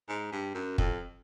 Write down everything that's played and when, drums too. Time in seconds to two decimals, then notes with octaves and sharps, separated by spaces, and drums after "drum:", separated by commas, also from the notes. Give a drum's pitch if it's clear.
0.09 G#2
0.32 G2
0.55 F#2
0.78 F2, drum: kick